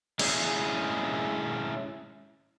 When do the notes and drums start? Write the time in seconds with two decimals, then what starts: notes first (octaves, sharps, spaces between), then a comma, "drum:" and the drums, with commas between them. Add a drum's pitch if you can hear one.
0.19 G#3 C#4 E4 G#4, drum: cymbal